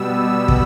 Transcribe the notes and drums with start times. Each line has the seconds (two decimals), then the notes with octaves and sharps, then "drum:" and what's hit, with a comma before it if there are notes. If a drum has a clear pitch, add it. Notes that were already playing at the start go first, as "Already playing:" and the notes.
Already playing: B2 G3 B3 E6
0.48 drum: kick